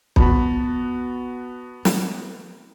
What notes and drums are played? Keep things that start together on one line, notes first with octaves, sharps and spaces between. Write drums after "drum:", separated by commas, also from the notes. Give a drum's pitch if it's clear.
B3 F#4 A5 B5, drum: kick
drum: snare